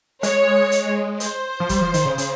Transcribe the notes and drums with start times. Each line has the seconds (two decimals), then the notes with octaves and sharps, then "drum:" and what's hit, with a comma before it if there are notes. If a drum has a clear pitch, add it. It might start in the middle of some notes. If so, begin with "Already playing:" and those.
0.23 G#3 C#5, drum: hi-hat
0.72 drum: hi-hat
1.20 C5, drum: hi-hat
1.60 F3
1.69 G3, drum: kick, hi-hat
1.81 F3
1.94 D#3, drum: hi-hat
2.05 C#3
2.18 C#3, drum: hi-hat